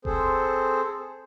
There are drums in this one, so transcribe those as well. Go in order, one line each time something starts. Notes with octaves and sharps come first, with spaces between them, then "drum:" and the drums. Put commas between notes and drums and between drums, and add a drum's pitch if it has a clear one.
C4 G#4 A4 C5, drum: kick F1